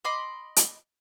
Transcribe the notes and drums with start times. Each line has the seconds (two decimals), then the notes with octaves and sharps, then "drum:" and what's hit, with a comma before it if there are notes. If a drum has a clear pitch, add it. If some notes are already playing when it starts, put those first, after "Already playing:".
0.05 D#5 B5 C6 D6
0.56 drum: hi-hat